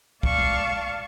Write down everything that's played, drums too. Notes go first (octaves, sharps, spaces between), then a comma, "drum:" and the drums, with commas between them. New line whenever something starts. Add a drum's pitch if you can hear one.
D5 F5 A5 C#6, drum: kick
drum: tom G#3